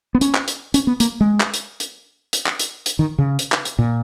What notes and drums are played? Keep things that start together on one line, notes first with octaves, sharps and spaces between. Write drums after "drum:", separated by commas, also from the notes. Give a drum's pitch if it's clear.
B3
C#4, drum: hi-hat
drum: clap
drum: hi-hat
C#4, drum: hi-hat
B3
A#3, drum: hi-hat
G#3
drum: clap
drum: hi-hat
drum: hi-hat
drum: hi-hat
drum: clap
drum: hi-hat
drum: hi-hat
D#3
C#3
drum: hi-hat
drum: clap
drum: hi-hat
A#2